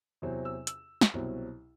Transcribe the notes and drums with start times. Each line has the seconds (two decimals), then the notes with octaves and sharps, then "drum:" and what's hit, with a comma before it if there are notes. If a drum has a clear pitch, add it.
0.22 E2 C3 F#3 C4
0.45 E6
0.67 E6, drum: hi-hat
1.01 drum: snare
1.14 C2 B2 F#3 C4